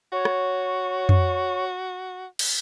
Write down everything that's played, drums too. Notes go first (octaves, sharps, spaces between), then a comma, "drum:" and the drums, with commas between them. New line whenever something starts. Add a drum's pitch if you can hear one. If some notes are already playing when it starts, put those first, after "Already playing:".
F#4 C#5
drum: rim click
drum: tom F2
drum: cymbal